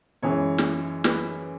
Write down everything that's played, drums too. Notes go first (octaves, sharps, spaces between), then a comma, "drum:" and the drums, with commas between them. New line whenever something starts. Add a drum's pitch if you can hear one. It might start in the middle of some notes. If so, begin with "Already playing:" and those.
F#2 E3 G#3 C#5
drum: snare
B4, drum: snare